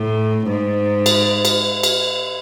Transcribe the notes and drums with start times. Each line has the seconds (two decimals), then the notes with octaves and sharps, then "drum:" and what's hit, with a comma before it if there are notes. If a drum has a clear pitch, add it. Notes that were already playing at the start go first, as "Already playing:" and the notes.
Already playing: A2
0.48 G#2
1.06 drum: cymbal
1.45 drum: cymbal
1.83 drum: cymbal